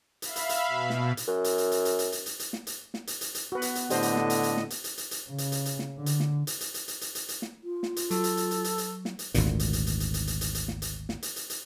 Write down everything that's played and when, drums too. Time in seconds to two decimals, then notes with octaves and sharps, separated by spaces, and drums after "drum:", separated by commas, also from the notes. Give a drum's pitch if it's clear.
0.22 E5 F5 B5, drum: hi-hat
0.36 drum: hi-hat
0.49 drum: hi-hat
0.68 B2
0.90 drum: snare
1.17 drum: hi-hat
1.28 F#2
1.44 drum: hi-hat
1.58 drum: hi-hat
1.72 drum: hi-hat
1.85 drum: hi-hat
1.99 drum: hi-hat
2.12 drum: hi-hat
2.26 drum: hi-hat
2.39 drum: hi-hat
2.53 drum: snare
2.67 drum: hi-hat
2.94 drum: snare
3.07 drum: hi-hat
3.21 drum: hi-hat
3.35 drum: hi-hat
3.52 B3 F#4 B4
3.62 drum: hi-hat
3.75 drum: hi-hat
3.90 A2 D3 G4 C5 D#5, drum: hi-hat
4.02 drum: hi-hat
4.16 drum: snare
4.30 drum: hi-hat
4.43 drum: hi-hat
4.57 drum: snare
4.70 drum: hi-hat
4.84 drum: hi-hat
4.98 drum: hi-hat
5.11 drum: hi-hat
5.29 C#3
5.38 drum: hi-hat
5.52 drum: hi-hat
5.66 drum: hi-hat
5.79 drum: snare
5.97 D3
6.06 drum: hi-hat
6.20 drum: snare
6.47 drum: hi-hat
6.61 drum: hi-hat
6.74 drum: hi-hat
6.88 drum: hi-hat
7.01 drum: hi-hat
7.15 drum: hi-hat
7.29 drum: hi-hat
7.42 drum: snare
7.64 F4
7.83 drum: snare
7.96 drum: hi-hat
8.11 F#3 A4, drum: hi-hat
8.24 drum: hi-hat
8.37 drum: hi-hat
8.51 drum: hi-hat
8.64 drum: hi-hat
8.78 drum: hi-hat
9.05 drum: snare
9.19 drum: hi-hat
9.34 G#1 D2 A#2, drum: hi-hat
9.46 drum: snare
9.59 drum: hi-hat
9.73 drum: hi-hat
9.87 drum: hi-hat
10.00 drum: hi-hat
10.14 drum: hi-hat
10.27 drum: hi-hat
10.41 drum: hi-hat
10.55 drum: hi-hat
10.68 drum: snare
10.82 drum: hi-hat
11.09 drum: snare
11.23 drum: hi-hat
11.36 drum: hi-hat
11.50 drum: hi-hat